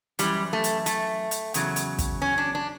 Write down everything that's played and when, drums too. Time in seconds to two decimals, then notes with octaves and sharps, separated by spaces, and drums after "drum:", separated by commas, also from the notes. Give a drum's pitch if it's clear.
0.19 F#2 E3 G3, drum: hi-hat
0.53 A3
0.64 drum: hi-hat
0.86 A3, drum: hi-hat
1.31 drum: hi-hat
1.54 E2 C#3 F#3, drum: hi-hat
1.76 drum: hi-hat
1.99 drum: kick, hi-hat
2.22 C#4
2.38 D4
2.55 D4